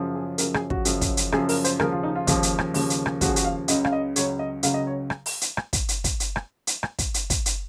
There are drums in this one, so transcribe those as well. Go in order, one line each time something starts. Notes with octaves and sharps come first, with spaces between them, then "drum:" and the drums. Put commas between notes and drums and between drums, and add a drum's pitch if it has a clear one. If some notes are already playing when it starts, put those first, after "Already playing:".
Already playing: F#2 C#3 F3
G#4
F#2 C#3 F3 A#4, drum: hi-hat
G#4, drum: rim click
F#4, drum: kick
F#2 C#3 F3, drum: hi-hat
drum: kick, hi-hat
drum: hi-hat
F#2 C#3 F3 G#4, drum: rim click
A#4, drum: open hi-hat
C5, drum: hi-hat
D#2 C#3 F3 A#4, drum: rim click
F4
D#4
F4
D#2 C#3 F3, drum: kick, hi-hat
drum: hi-hat
drum: rim click
D#2 C#3 F3, drum: open hi-hat
drum: hi-hat
drum: rim click
D#2 C#3 F3 F#4, drum: kick, hi-hat
G#4
F#4, drum: hi-hat
F5
C#2 C#3 F#3 D#5, drum: hi-hat
F5, drum: rim click
D#5
C#2 C#3 F#3 C#5, drum: hi-hat
D#5
C#2 C#3 F#3 F5, drum: hi-hat
D#5
C#5
drum: rim click
drum: open hi-hat
drum: hi-hat
drum: rim click
drum: kick, hi-hat
drum: hi-hat
drum: kick, hi-hat
drum: hi-hat
drum: rim click
drum: hi-hat
drum: rim click
drum: kick, hi-hat
drum: hi-hat
drum: kick, hi-hat
drum: hi-hat